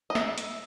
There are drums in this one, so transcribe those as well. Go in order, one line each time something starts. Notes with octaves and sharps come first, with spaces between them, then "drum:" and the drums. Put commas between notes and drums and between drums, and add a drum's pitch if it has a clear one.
D#5
G#3 E5, drum: snare
drum: hi-hat